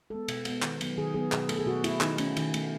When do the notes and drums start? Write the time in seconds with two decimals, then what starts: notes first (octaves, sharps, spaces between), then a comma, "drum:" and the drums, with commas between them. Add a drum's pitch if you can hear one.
0.10 G#3 B3 A4
0.28 B2, drum: cymbal
0.45 G#3 B3, drum: cymbal
0.62 D#3, drum: clap
0.81 F#3 B3, drum: cymbal
0.98 D#3 G#4
1.14 F#3 B3 G#4
1.32 B2 G#4, drum: clap
1.49 A3 A4, drum: cymbal
1.58 G#4
1.66 B2 F#4
1.84 A3 E4, drum: cymbal
2.01 D#3 D#4, drum: clap
2.18 A3 C#4, drum: cymbal
2.37 D#3, drum: cymbal
2.54 A3, drum: cymbal